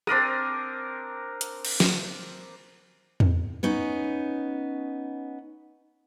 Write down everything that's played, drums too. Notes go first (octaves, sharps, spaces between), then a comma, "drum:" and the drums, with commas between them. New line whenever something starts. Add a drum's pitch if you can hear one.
C4 D4 A#4 D#6, drum: rim click
drum: hi-hat
drum: cymbal
drum: snare
drum: tom E2
B3 C#4 D#4